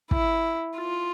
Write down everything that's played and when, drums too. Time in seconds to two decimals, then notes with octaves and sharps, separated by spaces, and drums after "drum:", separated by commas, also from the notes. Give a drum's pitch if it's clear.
0.11 E4, drum: kick
0.77 F4